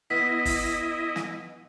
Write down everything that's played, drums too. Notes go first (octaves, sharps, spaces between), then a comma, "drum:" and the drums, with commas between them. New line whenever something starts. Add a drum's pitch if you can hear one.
B3 E4 D#5 B6
drum: kick, open hi-hat
drum: snare